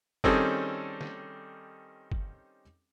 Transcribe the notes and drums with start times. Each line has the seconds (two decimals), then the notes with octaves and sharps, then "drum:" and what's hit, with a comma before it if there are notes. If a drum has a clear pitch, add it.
0.24 D#3 G3 C4 C#4 G#4 A4, drum: kick
1.01 drum: snare
2.12 drum: kick